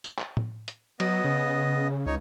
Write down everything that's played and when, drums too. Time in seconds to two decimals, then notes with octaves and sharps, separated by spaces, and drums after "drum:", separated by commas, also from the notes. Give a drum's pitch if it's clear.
0.04 drum: tambourine
0.19 drum: clap
0.37 drum: tom A2
0.68 drum: hi-hat
1.00 F#3 B3 D#5, drum: cymbal
1.24 C#3
2.06 C#2 D#4 C#5